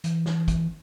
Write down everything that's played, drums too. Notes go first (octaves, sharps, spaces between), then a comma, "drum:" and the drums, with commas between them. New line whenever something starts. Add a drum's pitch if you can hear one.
E3, drum: hi-hat
drum: snare
drum: kick, hi-hat